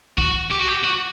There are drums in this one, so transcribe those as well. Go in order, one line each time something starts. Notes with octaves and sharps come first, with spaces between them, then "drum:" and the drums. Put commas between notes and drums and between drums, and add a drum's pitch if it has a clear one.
F#4, drum: kick
G4
F#4
G4
F#4